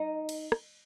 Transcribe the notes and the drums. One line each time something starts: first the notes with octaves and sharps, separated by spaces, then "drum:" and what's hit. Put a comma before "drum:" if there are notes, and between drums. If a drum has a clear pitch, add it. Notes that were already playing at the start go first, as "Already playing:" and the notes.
Already playing: D#4
drum: cymbal
drum: rim click